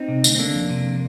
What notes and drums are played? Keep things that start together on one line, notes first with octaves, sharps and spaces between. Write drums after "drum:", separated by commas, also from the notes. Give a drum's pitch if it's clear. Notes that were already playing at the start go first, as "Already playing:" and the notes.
Already playing: C4 D#4
C3
D2, drum: tambourine
C4
D3 A#3 D4
F2
C3